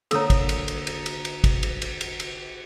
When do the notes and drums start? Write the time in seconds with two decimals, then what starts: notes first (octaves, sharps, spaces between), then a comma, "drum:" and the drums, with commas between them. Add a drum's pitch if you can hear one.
0.11 D3 A#3 A4 C#5 A#5 D#6 E6, drum: cymbal
0.30 drum: kick, cymbal
0.49 drum: cymbal
0.68 drum: cymbal
0.87 drum: cymbal
1.06 drum: cymbal
1.25 drum: cymbal
1.44 drum: kick, cymbal
1.63 drum: cymbal
1.82 drum: cymbal
2.01 drum: cymbal
2.20 drum: cymbal